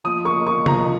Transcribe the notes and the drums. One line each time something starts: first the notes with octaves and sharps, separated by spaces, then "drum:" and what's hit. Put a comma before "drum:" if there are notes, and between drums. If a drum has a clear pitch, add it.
F3 D#6
A#3 C#6
A#3 C#6
F3 A#5, drum: tom C3